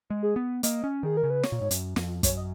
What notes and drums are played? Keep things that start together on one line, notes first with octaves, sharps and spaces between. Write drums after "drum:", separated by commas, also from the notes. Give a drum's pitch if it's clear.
G#3
G#4
B3
A#3 D#5, drum: hi-hat
C#4
D#3 G#4
A#4
C#3
B4
C#5, drum: snare
A#2
G#2
F#2, drum: hi-hat
F2, drum: snare
F#2 C#5, drum: kick, hi-hat
D#5